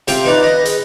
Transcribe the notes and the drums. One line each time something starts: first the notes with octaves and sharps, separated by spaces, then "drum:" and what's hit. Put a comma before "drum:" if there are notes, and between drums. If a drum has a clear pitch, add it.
C3 F4 G5, drum: hi-hat
D#4 B4 D5
D#5
G#4, drum: hi-hat